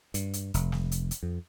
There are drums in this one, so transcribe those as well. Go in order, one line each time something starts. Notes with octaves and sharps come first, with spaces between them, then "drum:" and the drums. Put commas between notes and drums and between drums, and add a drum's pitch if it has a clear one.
G2, drum: hi-hat
drum: hi-hat
F1, drum: hi-hat
drum: snare
drum: hi-hat
drum: hi-hat
F2